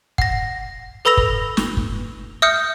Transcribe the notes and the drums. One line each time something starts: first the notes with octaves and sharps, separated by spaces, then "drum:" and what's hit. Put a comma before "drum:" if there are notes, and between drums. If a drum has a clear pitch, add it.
F#5 A#6, drum: kick
A4 B4 B5 E6 A#6 F7
drum: kick
drum: snare
drum: kick
E5 D#6 F6 G6 C#7